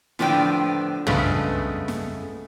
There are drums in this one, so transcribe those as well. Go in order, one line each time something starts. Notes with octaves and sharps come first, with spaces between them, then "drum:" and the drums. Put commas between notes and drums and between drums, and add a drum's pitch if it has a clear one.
A2 D3 F3 B3 D4 G5, drum: snare
G2 C#3 G#3 A3 B3, drum: tom
drum: snare